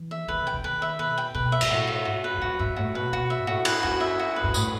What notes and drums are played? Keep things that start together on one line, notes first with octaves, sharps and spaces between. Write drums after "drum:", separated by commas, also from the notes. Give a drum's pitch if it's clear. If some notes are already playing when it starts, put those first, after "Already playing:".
Already playing: E3
E5
D#3 B4
C3
G5
D#3
B4
E5
B2 B4
G5
B2 B4
E5
G2, drum: cymbal
A2 F#4
E5
G2 F#4
B4
G2
F#2 F#4
G2 E5
A2 F#4
B2 B4
B2 F#4
E5
G2
A2 F#4
B4, drum: cymbal
G2 F#4
E5
F#4
B4
G2
A2 D#6, drum: tambourine